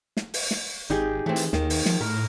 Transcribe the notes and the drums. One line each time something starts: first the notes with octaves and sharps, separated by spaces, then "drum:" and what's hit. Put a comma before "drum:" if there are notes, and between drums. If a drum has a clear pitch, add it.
drum: snare
drum: open hi-hat
drum: snare
G#1 D#4 G4 G#4
E3 A3 C4
drum: hi-hat
D#2 D#3, drum: snare
drum: open hi-hat
F3, drum: snare
A2 A#4